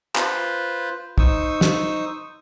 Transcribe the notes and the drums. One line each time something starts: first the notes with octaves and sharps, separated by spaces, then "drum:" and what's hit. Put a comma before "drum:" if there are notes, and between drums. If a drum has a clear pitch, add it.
F4 B4 C5, drum: clap
D#4 C5 C#6 D#6 E6, drum: kick
drum: snare